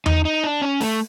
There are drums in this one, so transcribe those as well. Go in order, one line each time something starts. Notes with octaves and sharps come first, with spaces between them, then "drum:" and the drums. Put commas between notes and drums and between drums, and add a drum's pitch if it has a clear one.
D#4, drum: tom E2
D#4
D4
C#4
A3, drum: open hi-hat